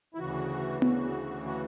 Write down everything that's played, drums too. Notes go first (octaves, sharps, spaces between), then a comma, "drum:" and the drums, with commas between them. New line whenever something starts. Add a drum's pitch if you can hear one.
E4
D2 C#3 E3 F#4
F#4, drum: tom B3
F#4